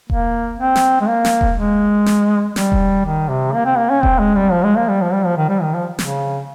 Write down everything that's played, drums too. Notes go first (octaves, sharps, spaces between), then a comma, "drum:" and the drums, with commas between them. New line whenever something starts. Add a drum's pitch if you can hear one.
A#3, drum: kick E1
C4
drum: snare
G#3
A#3
drum: snare
drum: kick E1
G#3
drum: snare
G3, drum: snare
drum: kick E1
D#3
C3
A#3
C4
A#3
C#4
C4, drum: kick E1
G#3
G3
F3
G#3
A#3
G3
F3
G3
F3
D#3
G3
D#3
F3
C#3, drum: snare